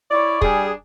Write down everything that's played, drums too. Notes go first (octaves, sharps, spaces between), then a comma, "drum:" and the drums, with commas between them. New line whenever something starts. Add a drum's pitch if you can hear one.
E4 C#5 D5
G3 D4 G#4, drum: kick